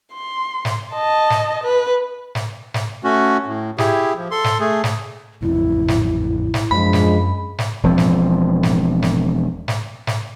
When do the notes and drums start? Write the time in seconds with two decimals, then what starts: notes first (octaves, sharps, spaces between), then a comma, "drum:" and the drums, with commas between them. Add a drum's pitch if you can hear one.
0.13 C6
0.65 drum: snare
0.93 D#5 A5
1.30 drum: snare
1.63 B4
2.35 drum: snare
2.74 drum: snare
3.04 A3 C#4 F#4
3.47 A2
3.78 E4 G4 G#4, drum: snare
4.17 F3
4.31 A4 C6
4.44 drum: snare
4.60 A3 G#4
4.84 drum: snare
5.42 A1 F2 C3 E4
5.88 drum: snare
6.54 drum: snare
6.71 F#2 F3 G#3 D4 B5
6.93 drum: snare
7.58 drum: snare
7.83 E1 F3 C4
7.98 drum: snare
8.63 drum: snare
9.02 drum: snare
9.68 drum: snare
10.07 drum: snare